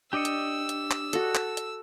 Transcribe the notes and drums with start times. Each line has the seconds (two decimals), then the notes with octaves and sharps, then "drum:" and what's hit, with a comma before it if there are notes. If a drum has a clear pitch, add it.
0.13 D4 G4 D5 D#5 E6 C#7
0.25 drum: hi-hat
0.69 drum: hi-hat
0.91 drum: clap
1.13 F#4 A4, drum: hi-hat
1.35 drum: clap
1.57 drum: hi-hat